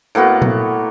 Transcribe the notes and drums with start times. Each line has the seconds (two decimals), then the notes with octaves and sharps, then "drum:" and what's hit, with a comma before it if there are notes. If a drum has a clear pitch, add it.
0.15 A2 A#3 B3 F#4
0.42 drum: tom A#2